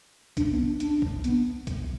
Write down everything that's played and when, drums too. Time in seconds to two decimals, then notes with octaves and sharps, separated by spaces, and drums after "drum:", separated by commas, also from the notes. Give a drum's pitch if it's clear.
0.37 D4, drum: kick C2, hi-hat
0.52 B3
0.66 D4
0.80 D4, drum: hi-hat
1.02 drum: kick C2
1.24 B3, drum: hi-hat
1.67 drum: kick C2, hi-hat